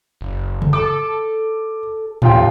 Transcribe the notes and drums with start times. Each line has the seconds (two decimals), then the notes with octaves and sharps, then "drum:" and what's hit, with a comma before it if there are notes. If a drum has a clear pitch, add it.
0.21 F#1
0.62 drum: tom C#3
0.73 A4 D6
2.22 D#1 F2 F4 G5, drum: tom G#2